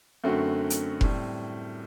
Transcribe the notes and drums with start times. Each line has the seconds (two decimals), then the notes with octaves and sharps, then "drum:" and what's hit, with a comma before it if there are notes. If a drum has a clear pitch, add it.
0.24 F#2 D3 A3 C4 F#4
0.70 drum: hi-hat
1.01 A2 G3 C4, drum: kick F1